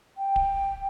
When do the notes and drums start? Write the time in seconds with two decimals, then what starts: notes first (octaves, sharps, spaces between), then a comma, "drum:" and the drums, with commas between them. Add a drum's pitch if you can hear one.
0.17 G5
0.36 drum: kick D1